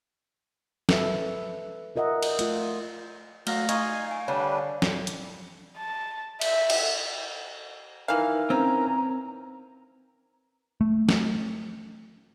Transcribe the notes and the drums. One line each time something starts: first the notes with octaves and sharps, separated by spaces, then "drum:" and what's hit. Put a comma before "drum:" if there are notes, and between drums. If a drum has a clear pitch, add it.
A4 B4 E5, drum: snare
F4 A#4 D#5 E5 F#5
drum: cymbal
A3 F4, drum: hi-hat
F#3 A3 F#4 F5 F6 A#6, drum: cymbal
D#4 F4 G#5 C#6, drum: hi-hat
G#5
D3 G3 D4 B4 C#5
drum: snare
drum: hi-hat
A5
E5, drum: cymbal
drum: cymbal
E3 D#4 A#4 B4 F5
C4 C#4 A#5
A3
drum: snare